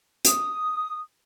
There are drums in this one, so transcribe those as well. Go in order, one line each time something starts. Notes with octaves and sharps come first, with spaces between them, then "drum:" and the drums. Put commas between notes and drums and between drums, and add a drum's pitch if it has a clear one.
D#6, drum: hi-hat